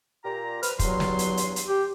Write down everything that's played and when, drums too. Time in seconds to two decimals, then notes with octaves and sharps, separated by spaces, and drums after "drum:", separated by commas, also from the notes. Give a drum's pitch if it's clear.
0.24 A#2 G4 A#5
0.63 B4 C5 F6, drum: hi-hat
0.79 E2 G2 F#3 C6, drum: kick, hi-hat
1.00 drum: snare
1.19 drum: hi-hat
1.37 drum: hi-hat
1.56 drum: hi-hat
1.68 G4